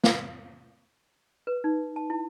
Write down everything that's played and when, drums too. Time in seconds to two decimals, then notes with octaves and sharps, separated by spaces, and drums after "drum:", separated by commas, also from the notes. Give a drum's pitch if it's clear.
0.04 drum: snare
1.47 B4
1.64 D#4
1.96 A5
2.10 E4